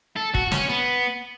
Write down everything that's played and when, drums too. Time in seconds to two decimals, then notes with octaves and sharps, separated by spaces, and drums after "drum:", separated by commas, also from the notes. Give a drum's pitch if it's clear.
0.16 A4
0.35 F#4, drum: kick
0.51 C#4, drum: snare
0.69 B3